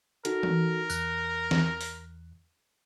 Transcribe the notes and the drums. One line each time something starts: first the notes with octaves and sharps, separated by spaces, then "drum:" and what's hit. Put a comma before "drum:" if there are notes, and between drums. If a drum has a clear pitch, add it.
D#4 F#4 A4 A#4, drum: hi-hat
drum: tom E3
E2 F#6, drum: tambourine
drum: snare
drum: open hi-hat